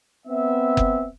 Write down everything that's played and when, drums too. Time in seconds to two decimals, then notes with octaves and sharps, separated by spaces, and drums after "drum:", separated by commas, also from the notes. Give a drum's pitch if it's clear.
0.26 B3 C4 E5
0.77 drum: kick F#1